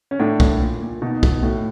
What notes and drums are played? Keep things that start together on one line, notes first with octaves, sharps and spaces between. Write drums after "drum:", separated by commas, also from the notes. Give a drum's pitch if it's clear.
C#4
A2 D4
A2, drum: kick
A#2
A#2
B2 D#4
B2, drum: kick
A2